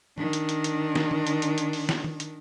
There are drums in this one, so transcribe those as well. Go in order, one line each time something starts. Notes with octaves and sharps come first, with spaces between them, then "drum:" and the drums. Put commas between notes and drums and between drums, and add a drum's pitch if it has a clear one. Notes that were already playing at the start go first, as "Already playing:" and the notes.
D#3 D4, drum: tom
drum: hi-hat
drum: hi-hat
drum: hi-hat
drum: snare
drum: tom
drum: hi-hat
drum: hi-hat
drum: hi-hat
drum: open hi-hat
drum: snare
drum: tom
drum: hi-hat